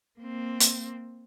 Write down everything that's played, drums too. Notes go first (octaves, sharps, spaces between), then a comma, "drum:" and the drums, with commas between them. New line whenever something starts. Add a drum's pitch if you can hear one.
A#3 C4
drum: hi-hat